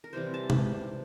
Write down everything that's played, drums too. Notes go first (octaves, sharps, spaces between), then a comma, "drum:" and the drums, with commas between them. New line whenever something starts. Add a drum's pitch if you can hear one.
A#4
C3 E3 G3 C5
A5
drum: tom